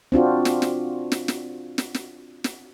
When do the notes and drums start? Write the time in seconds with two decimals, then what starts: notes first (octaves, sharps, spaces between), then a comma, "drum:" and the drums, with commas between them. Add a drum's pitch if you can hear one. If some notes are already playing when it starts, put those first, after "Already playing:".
0.12 C4 D4 F4 F#4
0.45 drum: snare
0.62 drum: snare
1.12 drum: snare
1.28 drum: snare
1.78 drum: snare
1.94 drum: snare
2.44 drum: snare